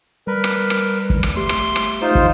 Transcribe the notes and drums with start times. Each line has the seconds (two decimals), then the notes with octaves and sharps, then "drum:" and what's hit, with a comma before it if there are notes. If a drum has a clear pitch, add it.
0.27 G3 A#4 B4
0.44 drum: rim click
0.70 drum: rim click
1.10 drum: kick
1.23 drum: rim click
1.36 A3 G4 C6
1.49 drum: rim click
1.76 drum: rim click
2.02 D#4 F4 C5
2.15 drum: kick